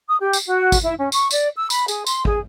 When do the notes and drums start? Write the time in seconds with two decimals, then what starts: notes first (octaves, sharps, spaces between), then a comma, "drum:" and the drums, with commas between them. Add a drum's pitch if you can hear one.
0.08 D#6
0.21 G4
0.33 drum: tambourine
0.47 F#4
0.72 drum: kick, tambourine
0.82 E4
0.98 C#4
1.12 C#6, drum: tambourine
1.31 D5, drum: tambourine
1.56 E6
1.70 B5, drum: tambourine
1.88 G#4, drum: tambourine
2.07 C6, drum: tambourine
2.25 G#4, drum: kick